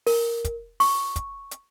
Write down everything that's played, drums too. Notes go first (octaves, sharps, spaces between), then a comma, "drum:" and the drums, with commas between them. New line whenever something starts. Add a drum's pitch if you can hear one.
A#4, drum: open hi-hat
drum: kick, hi-hat
C#6, drum: open hi-hat
drum: kick, hi-hat
drum: hi-hat